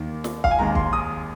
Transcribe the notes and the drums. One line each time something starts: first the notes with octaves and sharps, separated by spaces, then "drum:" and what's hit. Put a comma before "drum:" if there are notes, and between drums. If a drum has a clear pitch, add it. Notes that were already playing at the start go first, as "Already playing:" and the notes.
Already playing: D#2 D#3 A#3
drum: snare
F5, drum: kick
G#5
D#2 D#3 G#3 A#5
C6, drum: kick
D#6